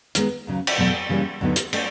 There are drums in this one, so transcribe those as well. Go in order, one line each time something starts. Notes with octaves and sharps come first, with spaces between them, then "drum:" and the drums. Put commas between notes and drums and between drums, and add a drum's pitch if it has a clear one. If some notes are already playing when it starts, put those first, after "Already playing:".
D#3 G#3 B3, drum: hi-hat
D#2 C#3 F#3
drum: cymbal
E2 B2 F#3 A3
C#3 E3 G3 A#3 C#4
D2 D3 F#3 B3 D#4
drum: hi-hat
A3 C#4, drum: cymbal